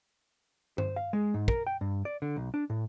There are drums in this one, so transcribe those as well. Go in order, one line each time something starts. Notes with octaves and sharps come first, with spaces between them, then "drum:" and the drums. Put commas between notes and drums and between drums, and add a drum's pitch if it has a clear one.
C5, drum: tom G2
F5
G#3
G#2
A#4, drum: kick
G5
G2
D5
D3
B1
D4
A2